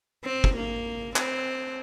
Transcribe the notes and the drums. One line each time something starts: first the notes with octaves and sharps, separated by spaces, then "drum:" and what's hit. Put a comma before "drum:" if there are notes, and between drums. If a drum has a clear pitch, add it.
C4
drum: kick
A#3
C4, drum: clap